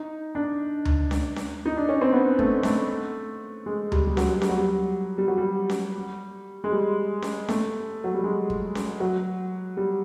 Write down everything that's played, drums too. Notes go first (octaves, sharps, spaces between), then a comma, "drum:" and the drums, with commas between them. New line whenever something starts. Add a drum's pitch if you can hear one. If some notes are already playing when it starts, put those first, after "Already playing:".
Already playing: D#4
D4
drum: tom D2
drum: snare C#4
drum: snare C#4
D#4
D4
C#4
C4
B3
A3, drum: kick
A3, drum: snare C#4
G#3
G3, drum: tom D2
G3
F#3, drum: snare C#4
G3, drum: snare C#4
F#3
G3
G3
F#3
G3
drum: snare C#4
G#3
G3
drum: snare C#4
A3, drum: snare C#4
F#3
G3
G#3
drum: kick
drum: snare C#4
F#3
G3